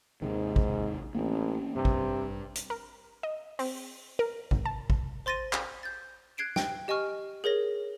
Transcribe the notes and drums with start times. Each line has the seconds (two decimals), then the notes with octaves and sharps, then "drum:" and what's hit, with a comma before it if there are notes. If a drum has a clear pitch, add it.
0.22 D#2 G#2 C3 D#3
0.56 drum: kick A1
1.15 A1 A#3 C4 C#4
1.76 G2 C3
1.85 drum: kick A1
2.55 drum: hi-hat
2.70 A#4
3.23 D#5
3.59 C4, drum: open hi-hat
4.19 A#4
4.51 G#1, drum: kick A1
4.66 A5
4.90 drum: kick A1
5.26 C5 C6 A6 A#6 D#7
5.53 drum: clap
5.83 G6 A6
6.37 F#6 G#6 C7 D7 E7
6.56 G5, drum: snare
6.88 G4 D#5 G#5 C#6 F6
7.44 G#4 A#4 C#5 A#6